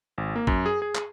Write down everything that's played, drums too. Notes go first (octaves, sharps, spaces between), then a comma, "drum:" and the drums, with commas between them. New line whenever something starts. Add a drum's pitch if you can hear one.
G#1
A#3
F#2, drum: kick
G#4
G#4
drum: clap